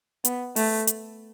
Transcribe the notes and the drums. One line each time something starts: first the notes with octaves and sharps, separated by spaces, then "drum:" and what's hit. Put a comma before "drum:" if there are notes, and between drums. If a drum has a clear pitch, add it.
B3, drum: hi-hat
A3, drum: open hi-hat
drum: hi-hat